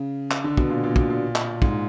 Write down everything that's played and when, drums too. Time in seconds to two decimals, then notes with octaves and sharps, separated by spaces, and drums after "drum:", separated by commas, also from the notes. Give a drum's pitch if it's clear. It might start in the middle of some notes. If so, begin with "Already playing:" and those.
Already playing: C#3
0.31 drum: clap
0.44 D3
0.57 B2, drum: kick
0.70 A#2
0.83 A#2
0.96 B2, drum: kick
1.10 A#2
1.36 drum: clap
1.62 G#2, drum: kick